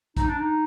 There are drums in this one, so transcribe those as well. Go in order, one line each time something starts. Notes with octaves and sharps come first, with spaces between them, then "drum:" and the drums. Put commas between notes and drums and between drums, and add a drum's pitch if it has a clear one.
D#4, drum: kick, hi-hat
D4
D#4